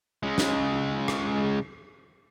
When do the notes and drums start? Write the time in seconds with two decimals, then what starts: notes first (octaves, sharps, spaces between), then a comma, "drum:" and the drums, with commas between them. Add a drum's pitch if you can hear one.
0.23 C#3 G#3
0.38 drum: snare
1.08 drum: rim click